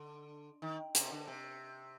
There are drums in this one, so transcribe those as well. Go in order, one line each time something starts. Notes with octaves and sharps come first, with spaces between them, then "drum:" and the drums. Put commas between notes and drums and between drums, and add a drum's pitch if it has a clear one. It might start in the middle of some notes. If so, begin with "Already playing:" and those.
Already playing: D3
D#3
C3, drum: hi-hat
D3
C3